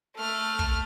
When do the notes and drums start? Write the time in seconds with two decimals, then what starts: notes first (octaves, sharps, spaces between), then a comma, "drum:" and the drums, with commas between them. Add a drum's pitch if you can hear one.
0.17 A3 F6
0.59 drum: kick